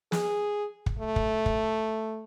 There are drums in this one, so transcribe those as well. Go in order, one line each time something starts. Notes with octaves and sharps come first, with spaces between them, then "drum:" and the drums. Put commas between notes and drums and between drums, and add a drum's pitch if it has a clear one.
G#4, drum: snare
drum: kick
A3
drum: kick
drum: kick